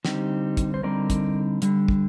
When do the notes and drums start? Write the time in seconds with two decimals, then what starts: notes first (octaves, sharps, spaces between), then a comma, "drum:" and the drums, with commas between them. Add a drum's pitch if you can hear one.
0.05 D3 G3 C4 D#4 G4, drum: snare
0.57 drum: kick, hi-hat
0.74 C5
0.83 D3 G3 C4 D#4 A#4 D5
1.10 drum: kick, hi-hat
1.62 D3 G3, drum: hi-hat
1.88 drum: kick